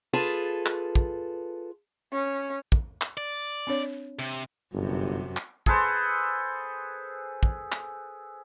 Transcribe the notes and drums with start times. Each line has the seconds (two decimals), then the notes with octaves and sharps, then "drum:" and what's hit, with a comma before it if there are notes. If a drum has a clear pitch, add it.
0.13 F4 G#4 A4 B4 A5
0.66 drum: clap
0.95 drum: kick
2.13 C#4
2.72 drum: kick
3.01 drum: clap
3.17 D5
3.67 C4 D4 C#5
4.19 C3
4.74 G1 F#2 C3
5.37 drum: clap
5.66 G#4 A4 B4 C5, drum: kick
7.43 drum: kick
7.72 drum: clap